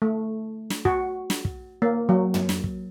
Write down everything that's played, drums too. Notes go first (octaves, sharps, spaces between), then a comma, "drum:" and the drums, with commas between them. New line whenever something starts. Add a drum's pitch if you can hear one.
A3
drum: snare
F#4, drum: kick
drum: snare
drum: kick
A#3
F#3
drum: tom
drum: snare
drum: kick